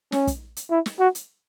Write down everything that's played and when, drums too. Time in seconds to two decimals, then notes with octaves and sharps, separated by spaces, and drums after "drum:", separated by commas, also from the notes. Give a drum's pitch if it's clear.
0.12 C#4, drum: snare
0.27 drum: kick, hi-hat
0.57 drum: hi-hat
0.71 E4
0.86 drum: snare
1.00 F#4
1.15 drum: hi-hat